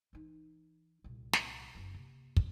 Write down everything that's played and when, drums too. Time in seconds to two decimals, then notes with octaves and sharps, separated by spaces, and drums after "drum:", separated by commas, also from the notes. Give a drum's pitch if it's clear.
0.13 E3 D#4
1.04 C2 A#2
1.33 drum: snare
1.75 F#1 B3
1.94 C3 A#3
2.37 drum: kick